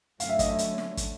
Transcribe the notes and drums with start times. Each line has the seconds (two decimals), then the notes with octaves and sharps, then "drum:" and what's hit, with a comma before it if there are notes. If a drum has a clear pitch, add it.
0.20 D3 F#3 A3 C#4 F5, drum: hi-hat
0.29 E5
0.39 D#5, drum: kick, hi-hat
0.49 E5
0.59 drum: hi-hat
0.78 drum: snare
0.97 drum: kick, hi-hat